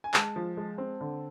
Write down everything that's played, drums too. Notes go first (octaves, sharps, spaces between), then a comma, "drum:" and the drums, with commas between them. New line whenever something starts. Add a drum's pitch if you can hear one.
G#5
G#3 A5, drum: clap
F3
G#3
C4
D3